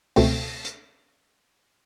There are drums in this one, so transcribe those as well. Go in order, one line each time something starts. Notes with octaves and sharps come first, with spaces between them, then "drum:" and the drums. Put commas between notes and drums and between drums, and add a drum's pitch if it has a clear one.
C#2 B2 A3 C4, drum: open hi-hat
drum: hi-hat